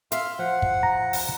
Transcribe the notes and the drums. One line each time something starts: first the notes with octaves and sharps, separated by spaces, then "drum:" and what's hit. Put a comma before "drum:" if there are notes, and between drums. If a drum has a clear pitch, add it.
E5 F5 C6, drum: hi-hat
F3 F#5
drum: kick
A#5
drum: open hi-hat